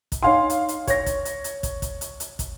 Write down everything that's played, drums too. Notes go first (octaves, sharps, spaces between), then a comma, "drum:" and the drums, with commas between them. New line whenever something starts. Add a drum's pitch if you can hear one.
drum: kick, hi-hat
D#4 C#5 F5 G#5 C6
drum: hi-hat
drum: hi-hat
C#5 A#6, drum: kick, hi-hat
drum: kick, hi-hat
drum: hi-hat
drum: hi-hat
drum: kick, hi-hat
drum: kick, hi-hat
drum: hi-hat
drum: hi-hat
drum: kick, hi-hat